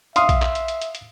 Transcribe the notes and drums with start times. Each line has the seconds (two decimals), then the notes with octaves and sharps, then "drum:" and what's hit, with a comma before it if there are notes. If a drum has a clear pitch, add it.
0.16 E5 F5 C6 D#6, drum: hi-hat
0.29 drum: kick A#1, hi-hat
0.42 drum: clap
0.55 drum: hi-hat
0.68 drum: hi-hat
0.81 drum: hi-hat
0.95 drum: hi-hat